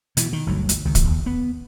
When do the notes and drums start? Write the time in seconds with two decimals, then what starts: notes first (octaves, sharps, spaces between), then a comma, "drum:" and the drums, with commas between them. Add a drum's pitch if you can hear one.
0.17 B2 E3, drum: hi-hat
0.33 D#3
0.46 G1 D2 F#3
0.69 drum: hi-hat
0.85 C#2 D#3
0.95 drum: kick, hi-hat
1.06 D#2
1.26 B3